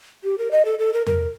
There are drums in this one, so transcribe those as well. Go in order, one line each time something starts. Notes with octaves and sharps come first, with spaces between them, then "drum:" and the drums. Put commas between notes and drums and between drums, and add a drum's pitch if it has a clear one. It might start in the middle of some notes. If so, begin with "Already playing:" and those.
G4
A#4
D#5
A4
A4
A#4
A#4, drum: tom E2